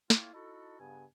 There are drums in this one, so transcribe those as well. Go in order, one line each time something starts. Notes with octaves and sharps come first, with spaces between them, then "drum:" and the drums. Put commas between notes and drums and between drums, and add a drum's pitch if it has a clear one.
A3 A#3 E4 F4 C#5 G5, drum: snare
D#4 E4 F#4 A4
G2 C#3 B3 G#5